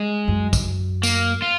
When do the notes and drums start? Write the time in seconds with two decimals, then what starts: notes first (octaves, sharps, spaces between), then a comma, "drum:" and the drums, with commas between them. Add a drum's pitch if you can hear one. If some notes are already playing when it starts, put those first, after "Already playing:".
Already playing: G#3
0.28 F#2
0.53 drum: kick, tambourine
1.03 A#3, drum: tambourine
1.42 F4